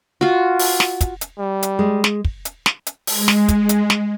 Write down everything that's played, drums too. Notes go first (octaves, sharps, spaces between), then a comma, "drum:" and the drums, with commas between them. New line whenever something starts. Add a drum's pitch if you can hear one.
F4 F#4
drum: open hi-hat
drum: snare
drum: kick, hi-hat
drum: hi-hat
G3
drum: hi-hat
G#3
drum: snare
drum: kick
drum: hi-hat
drum: snare
drum: hi-hat
G#3, drum: open hi-hat
drum: snare
drum: kick, hi-hat
drum: hi-hat
drum: snare